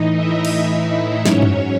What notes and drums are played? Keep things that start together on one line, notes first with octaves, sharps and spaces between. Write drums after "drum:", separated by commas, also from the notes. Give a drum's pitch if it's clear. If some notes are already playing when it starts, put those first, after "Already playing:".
Already playing: A2 E3 D#4 D#5
E4 E5
drum: cymbal
G#2 F#3 C#4 C#5, drum: snare
drum: tom F#2